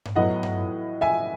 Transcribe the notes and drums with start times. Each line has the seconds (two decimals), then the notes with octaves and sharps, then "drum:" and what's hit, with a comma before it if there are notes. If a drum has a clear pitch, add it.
0.05 drum: tom G2
0.16 A2 F#3 B3 D#5 F#5
0.43 drum: tom G2
1.01 E5 G#5